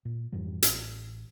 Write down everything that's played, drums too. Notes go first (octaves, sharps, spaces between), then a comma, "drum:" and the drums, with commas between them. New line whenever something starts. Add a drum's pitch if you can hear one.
A#2
F2 G#2 E3 G3
A1, drum: hi-hat